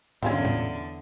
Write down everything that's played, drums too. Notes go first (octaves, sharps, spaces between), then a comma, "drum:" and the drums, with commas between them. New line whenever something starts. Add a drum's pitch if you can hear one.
E2 D3 C#4 F4 G4, drum: tom
drum: tom